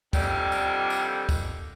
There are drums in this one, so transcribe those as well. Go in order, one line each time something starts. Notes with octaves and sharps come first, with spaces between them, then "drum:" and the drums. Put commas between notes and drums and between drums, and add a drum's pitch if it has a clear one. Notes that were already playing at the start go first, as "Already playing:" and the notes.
F2 A#2 D3 D#3 G3, drum: kick, tambourine
drum: tambourine
drum: tambourine
drum: kick, tambourine